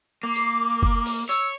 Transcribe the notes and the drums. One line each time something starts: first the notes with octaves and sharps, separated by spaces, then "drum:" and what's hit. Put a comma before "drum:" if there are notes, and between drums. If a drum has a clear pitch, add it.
A#3 D6
drum: hi-hat
drum: kick F#1
drum: open hi-hat
C#5 E6, drum: hi-hat